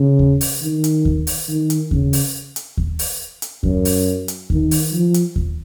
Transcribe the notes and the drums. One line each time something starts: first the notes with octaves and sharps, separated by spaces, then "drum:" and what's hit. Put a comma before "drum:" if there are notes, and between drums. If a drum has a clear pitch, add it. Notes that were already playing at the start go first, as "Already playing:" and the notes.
Already playing: C#3
drum: kick D#2
drum: open hi-hat
D#3
drum: hi-hat
drum: kick D#2
drum: open hi-hat
D#3
drum: hi-hat
C#3, drum: kick D#2
drum: open hi-hat
drum: hi-hat
drum: kick D#2
drum: open hi-hat
drum: hi-hat
F#2, drum: kick D#2
drum: open hi-hat
drum: hi-hat
D#3, drum: kick D#2
drum: open hi-hat
F3
drum: hi-hat
drum: kick D#2